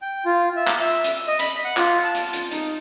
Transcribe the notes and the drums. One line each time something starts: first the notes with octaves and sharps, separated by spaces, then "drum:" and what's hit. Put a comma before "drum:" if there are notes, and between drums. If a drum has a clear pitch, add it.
G5
F4
E5
drum: clap
E5
drum: hi-hat
D#5
B5, drum: hi-hat
F#5
F4, drum: clap
A5
drum: hi-hat
drum: hi-hat
D#4, drum: hi-hat